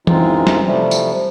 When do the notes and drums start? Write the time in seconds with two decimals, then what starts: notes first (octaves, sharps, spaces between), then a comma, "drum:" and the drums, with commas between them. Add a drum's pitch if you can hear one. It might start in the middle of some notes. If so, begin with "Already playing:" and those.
0.07 F#2 E3 G#3 C4 D#4 F4, drum: tom E3
0.47 drum: snare
0.65 C3 F3 G3 A3
0.91 drum: tambourine